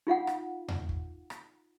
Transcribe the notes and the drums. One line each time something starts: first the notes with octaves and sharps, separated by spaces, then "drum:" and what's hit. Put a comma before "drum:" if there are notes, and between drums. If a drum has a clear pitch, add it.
D#4 F4 F5 F#5
drum: rim click
drum: tom E2
drum: kick
drum: rim click